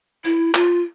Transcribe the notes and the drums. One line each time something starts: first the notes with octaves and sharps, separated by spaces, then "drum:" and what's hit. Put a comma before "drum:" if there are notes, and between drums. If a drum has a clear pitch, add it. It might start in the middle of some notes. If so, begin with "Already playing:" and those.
E4, drum: hi-hat
F4, drum: clap